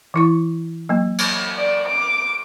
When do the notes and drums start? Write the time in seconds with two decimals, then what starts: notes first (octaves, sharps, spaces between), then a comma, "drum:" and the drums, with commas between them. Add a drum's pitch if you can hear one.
0.14 E3 E4 C#6
0.89 F#3 A#3
1.18 drum: cymbal
1.56 D5
1.88 D6